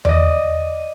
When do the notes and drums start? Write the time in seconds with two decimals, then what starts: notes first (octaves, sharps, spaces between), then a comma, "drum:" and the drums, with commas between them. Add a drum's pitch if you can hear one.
0.05 D5 D#5, drum: tom E2